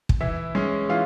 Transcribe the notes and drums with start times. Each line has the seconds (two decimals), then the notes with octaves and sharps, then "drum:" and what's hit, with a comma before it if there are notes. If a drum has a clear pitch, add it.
0.09 drum: kick
0.20 E3 E4 E5
0.55 G#3 C#4
0.89 E3 F4 F5